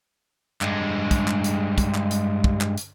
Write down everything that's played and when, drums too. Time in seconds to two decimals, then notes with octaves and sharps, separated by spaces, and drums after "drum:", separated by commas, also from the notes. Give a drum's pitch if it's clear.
0.61 G2 G#3, drum: clap
1.11 drum: kick, hi-hat
1.28 drum: clap
1.44 drum: hi-hat
1.78 drum: kick, hi-hat
1.94 drum: clap
2.11 drum: hi-hat
2.44 drum: kick
2.61 drum: clap
2.78 drum: hi-hat